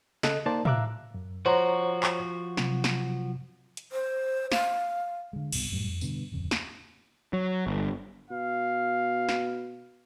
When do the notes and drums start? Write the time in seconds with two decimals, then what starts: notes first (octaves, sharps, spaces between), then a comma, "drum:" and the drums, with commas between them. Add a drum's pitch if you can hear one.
0.23 C#3 A4 D#5 F#6, drum: snare
0.46 A#3 D#4 A#4 C5 D5 A5
0.65 E5 F5 A#5 D6 E6 F#6, drum: tom
1.14 F#2
1.46 F3 F#4 C5 C#5 A#5
2.03 drum: clap
2.57 C3 F#3, drum: snare
2.84 drum: snare
3.77 drum: hi-hat
3.92 C5
4.52 F5, drum: snare
5.33 D3 G#3
5.52 C2 G2 B2, drum: cymbal
5.72 F#2 A2 F#3 G3
5.87 F2
6.01 G2 B2 D3, drum: tambourine
6.32 D1 F2 C#3
6.51 drum: snare
7.33 F#3
7.67 G1
8.30 B2 F5
9.29 drum: snare